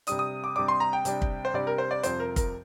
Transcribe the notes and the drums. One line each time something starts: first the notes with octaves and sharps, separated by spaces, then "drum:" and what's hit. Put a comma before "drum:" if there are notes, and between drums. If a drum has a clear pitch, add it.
C3 G3 D4 D#6, drum: hi-hat
D#6
D6
C3 G3 D4 D6
C6
A#5
G5
C3 G3 D4, drum: hi-hat
drum: kick
C5
C3 G3 D4 D5
A#4
C5
D5
F2 C3 G3 C4 F4 C5, drum: hi-hat
A#4
A#4, drum: kick, hi-hat